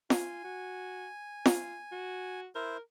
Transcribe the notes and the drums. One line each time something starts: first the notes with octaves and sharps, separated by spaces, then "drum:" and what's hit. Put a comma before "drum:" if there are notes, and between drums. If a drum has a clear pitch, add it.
F4 G#5, drum: snare
F#4
F4, drum: snare
F#4
E4 A#4 C5